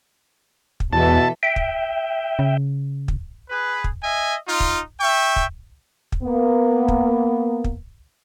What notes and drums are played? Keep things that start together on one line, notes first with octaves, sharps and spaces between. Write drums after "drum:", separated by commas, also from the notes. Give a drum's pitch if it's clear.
drum: kick
E2 B2 E3 A4 E5 A5
E5 G5
drum: kick
C#3
drum: kick
G#4 B4
drum: kick
D#5 E5 G#5
D#4 F4
drum: kick
E5 G5 C#6
drum: kick
drum: kick
A#3 B3
drum: kick
drum: kick